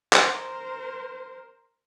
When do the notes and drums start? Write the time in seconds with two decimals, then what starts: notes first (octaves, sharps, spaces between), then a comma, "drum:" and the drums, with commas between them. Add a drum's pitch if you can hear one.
0.13 A#4 C5, drum: clap